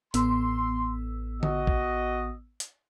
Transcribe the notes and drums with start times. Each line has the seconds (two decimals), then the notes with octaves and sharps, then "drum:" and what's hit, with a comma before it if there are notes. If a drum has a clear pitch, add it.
0.14 A1 B3 C6 E6, drum: hi-hat
1.43 F#4 D#5, drum: tom D3
1.67 drum: kick A1
2.60 drum: hi-hat